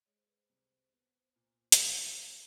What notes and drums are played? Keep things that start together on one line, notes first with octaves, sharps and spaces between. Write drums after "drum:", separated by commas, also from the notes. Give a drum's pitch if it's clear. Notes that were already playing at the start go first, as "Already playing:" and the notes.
G#3 C#5
C5
B4
C5
C2
B3
A#2
drum: hi-hat